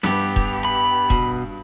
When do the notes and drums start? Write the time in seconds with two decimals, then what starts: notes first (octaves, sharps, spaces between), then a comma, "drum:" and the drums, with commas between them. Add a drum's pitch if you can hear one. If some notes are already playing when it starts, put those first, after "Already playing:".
0.03 G2 B3 G4, drum: snare
0.36 drum: kick E1
0.65 B5
1.10 B2, drum: kick E1